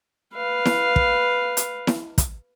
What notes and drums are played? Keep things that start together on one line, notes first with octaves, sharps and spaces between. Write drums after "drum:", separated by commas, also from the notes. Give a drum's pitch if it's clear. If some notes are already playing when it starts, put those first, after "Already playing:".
B4 F5
drum: snare E4
drum: kick
drum: hi-hat
drum: snare E4
drum: kick, hi-hat